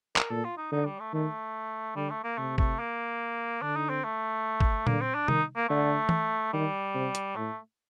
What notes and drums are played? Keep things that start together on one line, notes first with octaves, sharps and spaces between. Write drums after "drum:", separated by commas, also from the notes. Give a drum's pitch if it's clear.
A#4, drum: clap
A#2 A4
F4
D#4
D3 D#4
G3
A3
D#3 A3
D3 G3
A3
A#3
C3 A3
A3, drum: kick
A#3
D3 D4
D#4
C4
A3
drum: kick
D3 A#3, drum: tom A#2
C4
D4
D#3 D#4, drum: tom C3
A#3
D3 A3
drum: tom E3
D#3 G3
C3
drum: hi-hat
A2 A3